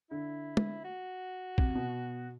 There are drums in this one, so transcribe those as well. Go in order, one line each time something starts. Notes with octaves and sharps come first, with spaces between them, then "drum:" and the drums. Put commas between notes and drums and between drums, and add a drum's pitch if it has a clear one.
D3 E4
drum: tom
F#4
C3, drum: kick A#1
B2